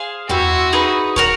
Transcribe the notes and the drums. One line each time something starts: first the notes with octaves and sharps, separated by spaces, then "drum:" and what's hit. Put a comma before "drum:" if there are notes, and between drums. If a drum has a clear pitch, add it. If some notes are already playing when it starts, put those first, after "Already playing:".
Already playing: G#4 C5 F5 G#5
C4 E4 F#4 G4, drum: tom E2
D#4 G#4 B4
F#4 A#4 C#5, drum: kick